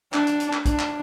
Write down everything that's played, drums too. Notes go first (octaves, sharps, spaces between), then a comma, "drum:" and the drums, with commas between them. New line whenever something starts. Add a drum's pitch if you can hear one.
D4, drum: clap
drum: hi-hat
drum: hi-hat
drum: clap
D4, drum: kick, hi-hat
drum: clap